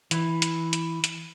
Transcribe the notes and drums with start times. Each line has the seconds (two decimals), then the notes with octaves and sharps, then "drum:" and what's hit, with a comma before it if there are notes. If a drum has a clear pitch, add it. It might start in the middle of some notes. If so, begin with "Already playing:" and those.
0.11 E3, drum: hi-hat
0.42 drum: hi-hat
0.73 drum: hi-hat
1.04 drum: hi-hat